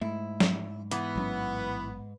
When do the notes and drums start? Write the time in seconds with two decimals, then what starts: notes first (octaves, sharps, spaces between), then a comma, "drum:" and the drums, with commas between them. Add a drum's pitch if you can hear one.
0.01 G#2 A3 E4
0.40 drum: snare
0.91 E3 B3, drum: hi-hat
1.15 A1 F#3 C#4